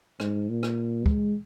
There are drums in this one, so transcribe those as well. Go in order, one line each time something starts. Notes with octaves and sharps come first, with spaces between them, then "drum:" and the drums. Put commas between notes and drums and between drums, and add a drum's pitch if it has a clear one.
G#2, drum: rim click
A#2
drum: rim click
G#3, drum: kick